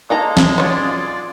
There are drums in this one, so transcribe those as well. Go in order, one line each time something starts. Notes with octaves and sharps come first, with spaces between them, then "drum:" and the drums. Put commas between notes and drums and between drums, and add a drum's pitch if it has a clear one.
G#3 A#3 D#4 A4 A#5
drum: snare
F#3 C#4 F4 D5